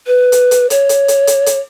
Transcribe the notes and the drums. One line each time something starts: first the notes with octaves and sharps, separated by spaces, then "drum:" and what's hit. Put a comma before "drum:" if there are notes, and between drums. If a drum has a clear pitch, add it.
B4
drum: hi-hat
drum: hi-hat
C#5, drum: hi-hat
drum: hi-hat
drum: hi-hat
drum: hi-hat
drum: hi-hat